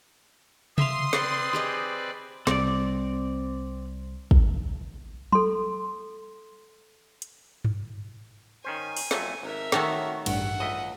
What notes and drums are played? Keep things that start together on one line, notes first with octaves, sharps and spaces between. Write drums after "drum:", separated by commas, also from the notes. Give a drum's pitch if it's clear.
E5 F5 C6 D#6, drum: tom C3
C4 B4 D5, drum: snare
G4 G#4 D#5
C2 C4 D5, drum: snare
drum: kick
A4 C6, drum: tom
drum: hi-hat
drum: tom G2
D#3 C#4 C5 G#5
drum: open hi-hat
F2 F#3 A3 C#7, drum: snare
G#1 A#4 E5
D#3 A3 F#4 C#5 A5 A#5, drum: snare
A1 G2 F#5, drum: cymbal
C#2 D#5 E5 D#7